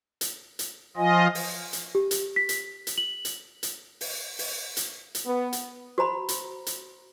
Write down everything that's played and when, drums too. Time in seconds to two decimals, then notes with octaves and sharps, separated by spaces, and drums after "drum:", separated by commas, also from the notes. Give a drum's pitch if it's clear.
0.21 drum: hi-hat
0.59 drum: hi-hat
0.97 F3 F4 D#5 G#5
1.35 drum: open hi-hat
1.73 drum: hi-hat
1.95 G4
2.11 drum: hi-hat
2.36 B6
2.49 drum: hi-hat
2.87 drum: hi-hat
2.98 F#7
3.25 drum: hi-hat
3.63 drum: hi-hat
4.01 drum: open hi-hat
4.39 drum: open hi-hat
4.77 drum: hi-hat
5.15 drum: hi-hat
5.25 B3
5.53 drum: hi-hat
5.98 F#4 C5 A#5 B5
6.29 drum: hi-hat
6.67 drum: hi-hat